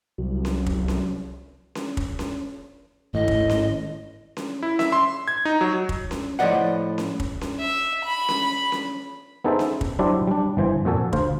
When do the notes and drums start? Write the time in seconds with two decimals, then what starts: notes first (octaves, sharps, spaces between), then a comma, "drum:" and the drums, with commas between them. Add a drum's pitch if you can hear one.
0.18 C2 F#3
0.45 drum: snare C#4
0.66 drum: kick
0.88 drum: snare C#4
1.75 drum: snare C#4
1.97 drum: kick
2.19 drum: snare C#4
3.14 G#1 A2 D#5
3.28 drum: kick
3.49 drum: snare C#4
4.37 drum: snare C#4
4.63 E4
4.79 E5, drum: snare C#4
4.92 C6
5.28 G#6
5.45 D#4
5.61 F#3
5.89 drum: kick
6.11 drum: snare C#4
6.39 A2 F3 B3 D5 D#5 F#5
6.98 drum: snare C#4
7.20 drum: kick
7.41 drum: snare C#4
7.59 E5
8.04 B5
8.28 drum: snare C#4
8.42 B5
8.72 drum: snare C#4
9.44 B3 D#4 G#4 A4 C5 E5
9.59 drum: snare C#4
9.81 drum: kick
9.99 F#3 D4 E4 G4 C5
10.27 G3 D4
10.57 G1 E3 C5 G#5
10.85 F2 A#2 F#4 A4 G#5
11.13 D2 C5 F5, drum: kick